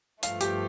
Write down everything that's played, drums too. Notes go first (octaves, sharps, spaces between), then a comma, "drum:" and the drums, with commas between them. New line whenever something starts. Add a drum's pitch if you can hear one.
G2 F3 A3 F5, drum: hi-hat
G4, drum: hi-hat